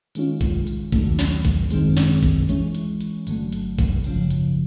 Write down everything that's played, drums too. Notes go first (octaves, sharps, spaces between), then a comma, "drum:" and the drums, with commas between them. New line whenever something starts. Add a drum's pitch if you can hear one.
D#3 G#3 C#4 F4, drum: hi-hat
drum: kick A#1, hi-hat
drum: hi-hat
D#2 D#3 F#3 A3, drum: kick A#1, hi-hat
drum: snare
drum: kick A#1, hi-hat
G#1 F#2 D#3 G#3 C4, drum: hi-hat
drum: snare
drum: kick A#1, hi-hat
E3 G#3 C#4, drum: hi-hat
drum: hi-hat
drum: hi-hat
G1 G2 D3 F#3 A3, drum: hi-hat
drum: hi-hat
drum: kick A#1, hi-hat
G#1 F#2 C#3 F3, drum: open hi-hat
drum: hi-hat